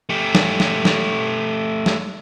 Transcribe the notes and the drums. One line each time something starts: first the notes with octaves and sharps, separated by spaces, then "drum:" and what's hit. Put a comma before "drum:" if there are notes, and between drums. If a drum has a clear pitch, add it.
A3 G4
drum: snare
drum: snare
drum: snare
drum: snare